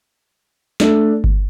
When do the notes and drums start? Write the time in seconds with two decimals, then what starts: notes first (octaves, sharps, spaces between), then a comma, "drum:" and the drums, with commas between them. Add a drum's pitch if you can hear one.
0.80 A3 D4 A4, drum: snare
1.24 drum: kick G1